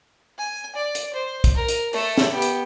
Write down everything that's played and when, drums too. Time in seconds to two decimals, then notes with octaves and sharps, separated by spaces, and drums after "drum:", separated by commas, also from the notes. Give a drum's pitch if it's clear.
0.38 G#5
0.76 D5
0.95 drum: hi-hat
1.14 C5
1.44 drum: kick, hi-hat
1.55 A#4
1.69 drum: hi-hat
1.93 A3 A4, drum: open hi-hat
2.18 drum: snare
2.32 B3 G4
2.42 drum: hi-hat